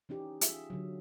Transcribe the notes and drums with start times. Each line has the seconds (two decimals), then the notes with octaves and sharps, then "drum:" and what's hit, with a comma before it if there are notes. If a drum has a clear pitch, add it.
0.09 E3 C#4 D#4 G4
0.41 F4 G#4 E5, drum: hi-hat
0.70 D3 F#3